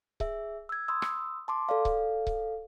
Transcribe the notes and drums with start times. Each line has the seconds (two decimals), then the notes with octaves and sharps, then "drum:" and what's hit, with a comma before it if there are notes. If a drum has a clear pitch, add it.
0.20 G#4 E5, drum: kick C#1
0.69 E6 G#6
0.88 B5 C6 D#6 E6
1.02 drum: rim click
1.48 A5 C6 D6
1.69 A4 D5 F5
1.85 drum: kick C#1
2.27 drum: kick C#1